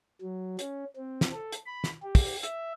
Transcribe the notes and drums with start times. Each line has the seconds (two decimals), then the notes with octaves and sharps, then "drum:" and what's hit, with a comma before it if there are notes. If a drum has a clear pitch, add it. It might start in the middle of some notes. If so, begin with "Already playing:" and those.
0.22 F#3
0.59 C#4, drum: hi-hat
0.96 C4
1.21 drum: snare
1.33 A4
1.52 drum: hi-hat
1.66 B5
1.84 drum: snare
2.03 G4
2.15 drum: kick, open hi-hat
2.43 E5, drum: hi-hat